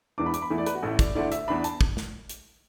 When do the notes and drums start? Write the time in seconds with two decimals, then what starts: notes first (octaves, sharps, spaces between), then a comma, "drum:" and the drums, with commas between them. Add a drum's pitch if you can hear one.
0.18 E1 E2 E3 D4 D6
0.26 B5
0.34 D6, drum: hi-hat
0.42 B5
0.50 E2 E3 A3 E4
0.58 D5
0.66 B4, drum: hi-hat
0.75 F#4
0.83 A1 A2 A3 E4 A4
0.99 D5, drum: kick, hi-hat
1.15 D2 D3 A3 E4 D5
1.32 E5, drum: hi-hat
1.48 E2 E3 D4 B5
1.64 A5, drum: hi-hat
1.81 drum: kick
1.97 drum: snare
2.29 drum: hi-hat